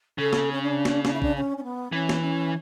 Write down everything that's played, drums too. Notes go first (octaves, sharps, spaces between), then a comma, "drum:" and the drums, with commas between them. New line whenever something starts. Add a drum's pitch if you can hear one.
C#3 A4
drum: snare
C#4
D4
drum: snare
D4, drum: snare
E4
D4, drum: kick A#1
C#4
C#4
B3
E3 C#4
drum: snare
C#4